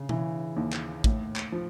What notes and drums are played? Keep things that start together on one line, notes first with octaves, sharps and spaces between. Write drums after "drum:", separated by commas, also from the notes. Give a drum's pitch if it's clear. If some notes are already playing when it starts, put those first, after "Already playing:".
Already playing: C#3
E3, drum: tom B2
D#2
drum: clap
A2, drum: kick
drum: clap
F3